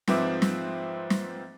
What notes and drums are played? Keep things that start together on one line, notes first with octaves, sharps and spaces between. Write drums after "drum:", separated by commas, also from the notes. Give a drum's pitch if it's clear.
G#2 F3 C4 B4 E5 D6, drum: snare
drum: snare
drum: snare